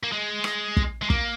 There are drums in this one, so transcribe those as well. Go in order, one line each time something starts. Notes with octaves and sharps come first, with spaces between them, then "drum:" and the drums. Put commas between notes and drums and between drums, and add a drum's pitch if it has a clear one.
A#3
G#3
drum: rim click
drum: kick
G#3
A#3, drum: kick